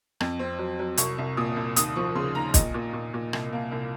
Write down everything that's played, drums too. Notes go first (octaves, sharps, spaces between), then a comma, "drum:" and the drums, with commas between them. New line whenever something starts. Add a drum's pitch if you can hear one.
F2, drum: rim click
C4
F#3
F#3
C2 C#6, drum: hi-hat
C2
A#2 D#6
C2
D#2 D#6, drum: hi-hat
F3 C#6
C#3 C6
D#2 A#5
A#2 D#5, drum: kick, hi-hat
A#2
A#2
A#2
C2, drum: rim click
A#3
C2